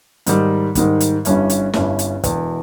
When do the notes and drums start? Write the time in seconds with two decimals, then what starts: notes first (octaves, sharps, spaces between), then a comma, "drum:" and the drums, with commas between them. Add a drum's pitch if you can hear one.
0.26 G#2 D#3 G3, drum: hi-hat
0.75 G#2 D#3 G3, drum: kick, hi-hat
1.00 drum: hi-hat
1.25 G1 G2 G3 C#4 E4, drum: hi-hat
1.50 drum: hi-hat
1.73 G1 G2 G3 C#4 E4, drum: snare
1.99 drum: hi-hat
2.24 E1 E2 B2, drum: kick, hi-hat